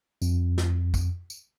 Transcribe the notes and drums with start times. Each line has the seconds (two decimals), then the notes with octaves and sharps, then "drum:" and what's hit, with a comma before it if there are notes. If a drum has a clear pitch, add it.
0.22 F2, drum: tambourine
0.58 drum: snare
0.94 drum: kick, tambourine
1.30 drum: tambourine